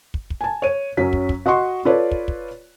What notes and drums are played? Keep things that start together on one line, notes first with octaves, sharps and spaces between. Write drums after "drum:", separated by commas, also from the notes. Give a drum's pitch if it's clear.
drum: kick
drum: kick
G#5 A5
C#5 D#7
F#2 F#3 C#4 B6
drum: kick
drum: kick
F#4 D#5 F#5 C6 C#6
F4 A4 B4 C#5 D5
drum: kick
drum: kick